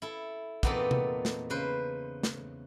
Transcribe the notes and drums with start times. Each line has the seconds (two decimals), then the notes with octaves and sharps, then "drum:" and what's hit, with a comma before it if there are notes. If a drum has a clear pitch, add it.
0.02 E4 A4
0.63 E2 A#2 B3 C4 D#4 A4, drum: kick
0.91 drum: tom C3
1.25 drum: snare
1.50 C#3 B4 C5
2.23 drum: snare